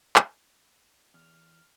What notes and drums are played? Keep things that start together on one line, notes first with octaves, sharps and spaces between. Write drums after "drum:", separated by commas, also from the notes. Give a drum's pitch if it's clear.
drum: clap
E2 F6